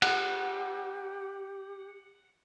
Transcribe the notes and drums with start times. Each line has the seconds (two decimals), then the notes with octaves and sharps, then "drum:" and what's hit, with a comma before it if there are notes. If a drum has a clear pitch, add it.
0.02 G4 F#5, drum: cymbal